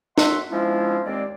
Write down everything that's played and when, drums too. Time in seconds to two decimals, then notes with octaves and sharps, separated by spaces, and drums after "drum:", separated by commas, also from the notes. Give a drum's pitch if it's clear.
0.18 F#2 E5 F#5 C6, drum: snare
0.50 F3 G#3 B3 C#4 D4 E4
1.05 D#2 G#3 C4 D5